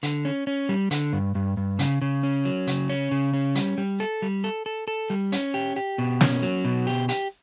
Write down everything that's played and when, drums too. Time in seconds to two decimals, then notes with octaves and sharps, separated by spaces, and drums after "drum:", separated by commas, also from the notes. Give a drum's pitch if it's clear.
0.03 D3, drum: hi-hat
0.25 C#4
0.47 C#4
0.69 G3
0.91 D3, drum: hi-hat
1.13 G2
1.35 G2
1.57 G2
1.79 C#3, drum: hi-hat
2.02 C#3
2.23 C#4
2.45 F#3
2.67 C#3, drum: hi-hat
2.90 C#4
3.11 C#3
3.34 C#4
3.55 G3, drum: hi-hat
3.78 G3
4.00 A4
4.22 G3
4.44 A4
4.66 A4
4.88 A4
5.10 G3
5.32 C#4, drum: hi-hat
5.54 G4
5.76 G4
5.98 B2
6.21 C#4, drum: snare
6.43 F#3
6.65 B2
6.87 G4
7.09 G4, drum: hi-hat